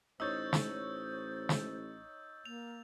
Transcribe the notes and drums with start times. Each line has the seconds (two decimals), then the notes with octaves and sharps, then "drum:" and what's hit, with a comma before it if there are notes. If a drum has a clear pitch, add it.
0.20 A1 D#4 C5 C#5 E6 G6 A6
0.53 drum: snare
1.49 drum: snare
2.45 A#3 F7